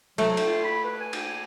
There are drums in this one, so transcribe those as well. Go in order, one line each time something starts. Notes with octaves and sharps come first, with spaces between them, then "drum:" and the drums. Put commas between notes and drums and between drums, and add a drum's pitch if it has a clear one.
F#3 A3, drum: cymbal
drum: cymbal
F4
B5
B4
G#5
drum: cymbal